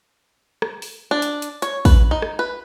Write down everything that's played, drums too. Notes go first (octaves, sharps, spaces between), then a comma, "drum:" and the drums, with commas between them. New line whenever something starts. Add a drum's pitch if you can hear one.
drum: rim click
drum: open hi-hat
D4
drum: hi-hat
drum: hi-hat
C#5, drum: hi-hat
B4, drum: kick, open hi-hat
D#4
drum: rim click
B4